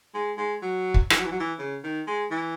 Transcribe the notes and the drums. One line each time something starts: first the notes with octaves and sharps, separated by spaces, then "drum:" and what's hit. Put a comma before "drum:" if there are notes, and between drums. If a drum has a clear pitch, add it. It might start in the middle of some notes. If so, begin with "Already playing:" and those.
G#3
G#3
F#3
drum: kick
E3, drum: rim click
F#3
E3
F#3
E3
C#3
D#3
G#3
E3